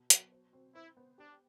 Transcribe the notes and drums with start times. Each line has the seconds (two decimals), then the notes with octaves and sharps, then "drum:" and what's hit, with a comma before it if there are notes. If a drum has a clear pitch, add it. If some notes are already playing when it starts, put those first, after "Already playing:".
Already playing: B2
0.10 F#3, drum: hi-hat
0.32 C5
0.53 C4
0.75 E4 C5
0.97 B3
1.18 D4 G4